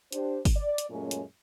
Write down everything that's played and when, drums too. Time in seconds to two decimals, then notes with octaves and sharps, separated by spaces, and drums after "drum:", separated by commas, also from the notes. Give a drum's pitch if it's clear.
0.12 D4 G4 C5, drum: hi-hat
0.45 drum: kick G1, open hi-hat
0.56 D5
0.78 drum: hi-hat
0.90 F#2 A#2 G#3 A3 C#4
1.11 drum: hi-hat